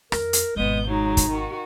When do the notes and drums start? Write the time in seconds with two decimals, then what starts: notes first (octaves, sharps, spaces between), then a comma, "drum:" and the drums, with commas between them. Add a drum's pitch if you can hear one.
0.12 F2 A#4, drum: rim click
0.33 drum: hi-hat
0.56 G#1 B2 G#3 B3 D#6 G6
0.88 F#3 G#3 D#4
1.17 drum: kick, hi-hat
1.30 D#3 F#4